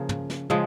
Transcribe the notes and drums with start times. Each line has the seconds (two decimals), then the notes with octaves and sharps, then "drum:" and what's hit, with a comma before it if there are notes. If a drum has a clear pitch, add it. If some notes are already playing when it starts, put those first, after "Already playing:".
Already playing: C#3 F3 A#3
0.09 drum: tom
0.30 drum: snare
0.50 C#3 F3 G#3, drum: tom